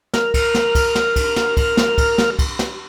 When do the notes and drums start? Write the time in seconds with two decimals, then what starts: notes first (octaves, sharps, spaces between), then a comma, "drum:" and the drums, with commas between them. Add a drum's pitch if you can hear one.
0.14 A#4 F6, drum: snare
0.34 drum: kick, cymbal
0.54 drum: snare
0.75 drum: kick, cymbal
0.95 drum: snare
1.16 drum: kick, cymbal
1.36 drum: snare
1.57 drum: kick, cymbal
1.77 drum: snare
1.98 drum: kick, cymbal
2.18 drum: snare
2.39 drum: kick, cymbal
2.59 drum: snare